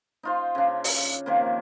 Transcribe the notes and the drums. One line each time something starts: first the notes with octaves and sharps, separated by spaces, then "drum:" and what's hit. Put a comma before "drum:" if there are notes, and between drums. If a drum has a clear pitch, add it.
D#4 F4 C5
C#3 D4
drum: open hi-hat
C3 D#3 F3 A#3